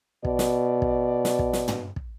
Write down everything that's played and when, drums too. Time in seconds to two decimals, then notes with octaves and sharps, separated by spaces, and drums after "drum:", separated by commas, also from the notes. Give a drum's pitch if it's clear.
0.25 B2 D5, drum: kick
0.39 drum: snare
0.82 drum: kick
1.25 drum: snare
1.39 drum: kick
1.53 drum: snare
1.68 drum: tom
1.96 drum: kick